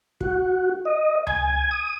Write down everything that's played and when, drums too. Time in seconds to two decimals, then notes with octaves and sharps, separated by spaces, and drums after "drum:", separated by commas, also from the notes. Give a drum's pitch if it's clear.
0.21 F#4, drum: kick
0.85 D#5
1.27 G#5, drum: tom C#2
1.71 D#6